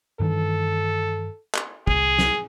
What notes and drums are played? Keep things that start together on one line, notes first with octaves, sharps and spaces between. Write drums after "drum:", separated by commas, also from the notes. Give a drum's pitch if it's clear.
G2 D#3 E3 A4
drum: clap
C2 G#4, drum: kick
drum: snare